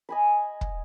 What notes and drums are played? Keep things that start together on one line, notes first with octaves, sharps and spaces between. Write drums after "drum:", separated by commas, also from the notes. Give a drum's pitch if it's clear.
D#5 G#5 B5
drum: kick